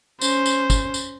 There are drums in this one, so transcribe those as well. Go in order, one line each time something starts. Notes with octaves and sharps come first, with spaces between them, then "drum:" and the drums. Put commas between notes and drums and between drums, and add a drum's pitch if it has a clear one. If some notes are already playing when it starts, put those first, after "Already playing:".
C#4 C5, drum: tambourine
drum: tambourine
drum: kick, tambourine
drum: tambourine